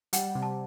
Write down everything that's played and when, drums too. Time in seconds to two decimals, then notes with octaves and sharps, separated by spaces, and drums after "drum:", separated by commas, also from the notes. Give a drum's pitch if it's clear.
0.13 G3 F#5, drum: hi-hat
0.35 C3
0.42 A5